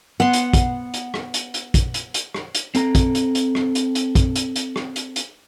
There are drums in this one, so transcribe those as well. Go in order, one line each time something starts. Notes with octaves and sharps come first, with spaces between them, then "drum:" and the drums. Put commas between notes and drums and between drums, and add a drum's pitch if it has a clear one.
B3 F#5 C6
drum: hi-hat
drum: kick, hi-hat
drum: hi-hat
drum: rim click
drum: hi-hat
drum: hi-hat
drum: kick, hi-hat
drum: hi-hat
drum: hi-hat
drum: rim click
drum: hi-hat
C4 A4 A#5, drum: hi-hat
drum: kick, hi-hat
drum: hi-hat
drum: hi-hat
drum: rim click
drum: hi-hat
drum: hi-hat
drum: kick, hi-hat
drum: hi-hat
drum: hi-hat
drum: rim click
drum: hi-hat
drum: hi-hat